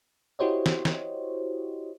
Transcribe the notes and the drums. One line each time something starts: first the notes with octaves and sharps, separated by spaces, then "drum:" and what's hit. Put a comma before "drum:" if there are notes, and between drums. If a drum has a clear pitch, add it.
E4 F#4 G4 C5 C#5 D#5
drum: snare
drum: snare